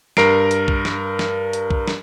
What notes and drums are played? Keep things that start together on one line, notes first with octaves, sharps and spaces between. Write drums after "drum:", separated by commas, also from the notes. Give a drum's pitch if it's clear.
G2 A#4 A#5 C7 D7, drum: snare
drum: hi-hat
drum: kick B1
drum: snare
drum: snare
drum: hi-hat
drum: kick B1
drum: snare